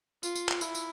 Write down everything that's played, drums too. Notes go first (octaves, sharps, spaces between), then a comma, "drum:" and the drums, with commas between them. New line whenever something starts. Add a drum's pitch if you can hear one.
F4, drum: tambourine
drum: tambourine
drum: clap
E4, drum: tambourine
drum: tambourine